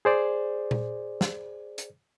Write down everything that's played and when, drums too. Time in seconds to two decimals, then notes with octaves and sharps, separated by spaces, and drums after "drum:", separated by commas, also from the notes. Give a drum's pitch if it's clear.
0.05 G#4 C5 D5
0.71 drum: tom A#2
1.21 drum: snare
1.78 drum: hi-hat